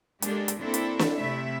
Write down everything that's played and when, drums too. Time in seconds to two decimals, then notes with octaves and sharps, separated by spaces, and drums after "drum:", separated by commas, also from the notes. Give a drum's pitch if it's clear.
0.22 G#3 A#3 D4 G4 A4, drum: hi-hat
0.48 drum: hi-hat
0.61 A#3 C4 D4 E4 A4
0.74 drum: hi-hat
0.99 drum: snare
1.17 C3 A3 E4 E5